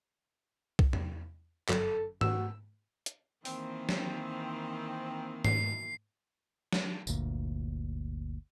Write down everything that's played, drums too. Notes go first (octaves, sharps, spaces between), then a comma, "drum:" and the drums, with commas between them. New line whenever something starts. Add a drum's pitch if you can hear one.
drum: kick
drum: tom E2
G1 F#2 A4, drum: clap
F#4 E6, drum: tom
drum: hi-hat
D#3 E3 A#3 C4, drum: open hi-hat
drum: snare
F#2 B2 C7, drum: tom
drum: snare
G1 D2 A#2, drum: tambourine